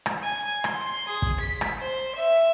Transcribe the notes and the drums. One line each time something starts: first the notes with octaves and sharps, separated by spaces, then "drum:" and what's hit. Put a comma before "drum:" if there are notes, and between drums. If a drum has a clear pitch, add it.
drum: rim click
G#5
C6, drum: rim click
G#4
drum: kick
B6
drum: rim click
C5
E5